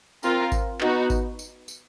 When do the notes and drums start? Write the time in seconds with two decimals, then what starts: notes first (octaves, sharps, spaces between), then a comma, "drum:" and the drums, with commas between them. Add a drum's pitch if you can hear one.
0.23 C4 F4 A#4, drum: tambourine
0.52 drum: kick G#1, tambourine
0.81 B3 D#4 F#4, drum: clap
1.10 drum: kick G#1, tambourine
1.39 drum: tambourine
1.68 drum: tambourine